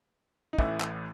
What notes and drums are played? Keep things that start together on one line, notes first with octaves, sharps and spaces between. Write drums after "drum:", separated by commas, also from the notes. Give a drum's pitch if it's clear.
D#4
A1 A2 E3 E4, drum: kick
drum: clap